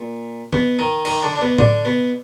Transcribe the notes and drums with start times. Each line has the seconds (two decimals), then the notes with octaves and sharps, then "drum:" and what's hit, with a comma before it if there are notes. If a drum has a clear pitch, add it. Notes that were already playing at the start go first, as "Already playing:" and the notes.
Already playing: A#2
0.53 B2 B3, drum: tom D3
0.79 D#3 D#4
1.05 D#3 D#4, drum: cymbal
1.23 D3 D4
1.36 D4
1.42 B2 B3
1.58 D3 D4, drum: tom A2
1.85 B2 B3